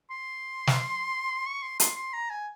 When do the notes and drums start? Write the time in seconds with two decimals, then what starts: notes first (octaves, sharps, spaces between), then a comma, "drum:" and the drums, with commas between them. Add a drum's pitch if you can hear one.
0.10 C6
0.67 drum: snare
1.46 C#6
1.62 C6
1.80 C6, drum: hi-hat
1.96 C6
2.13 A#5
2.30 G#5